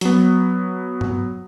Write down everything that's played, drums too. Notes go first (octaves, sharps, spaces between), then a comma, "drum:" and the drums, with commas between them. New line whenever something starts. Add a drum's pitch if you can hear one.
F#3 B3, drum: hi-hat
drum: tom G2